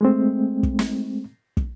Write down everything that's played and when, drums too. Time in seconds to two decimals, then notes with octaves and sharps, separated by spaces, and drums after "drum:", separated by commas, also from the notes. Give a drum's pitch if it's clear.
0.01 G#3 A3 C4
0.63 drum: kick
0.79 drum: snare
1.57 drum: kick